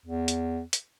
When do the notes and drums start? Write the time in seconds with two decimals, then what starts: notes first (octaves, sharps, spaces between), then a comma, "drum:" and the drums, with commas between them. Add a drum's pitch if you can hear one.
0.06 E2
0.28 drum: hi-hat
0.73 drum: hi-hat